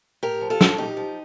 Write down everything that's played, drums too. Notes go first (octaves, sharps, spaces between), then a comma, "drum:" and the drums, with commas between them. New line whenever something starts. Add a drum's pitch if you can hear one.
A2 G4 A#4
F3
F4 A4
A3, drum: snare
A#2 D#4 G4
F3